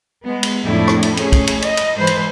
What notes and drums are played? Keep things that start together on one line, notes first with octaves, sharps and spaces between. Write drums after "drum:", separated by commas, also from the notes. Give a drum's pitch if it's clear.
G#3 B3
drum: cymbal
F2 A2 F3 A3 D4 E4
drum: rim click
drum: cymbal
A3 C#4 G#4, drum: cymbal
drum: kick, cymbal
drum: cymbal
D#5, drum: cymbal
drum: cymbal
G#2 E3 B4 C5
drum: cymbal